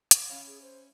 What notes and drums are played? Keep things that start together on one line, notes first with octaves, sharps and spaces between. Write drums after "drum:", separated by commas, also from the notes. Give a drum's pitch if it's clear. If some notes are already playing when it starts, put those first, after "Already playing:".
drum: hi-hat
C#4 E4 C#5 F5
G#4
C5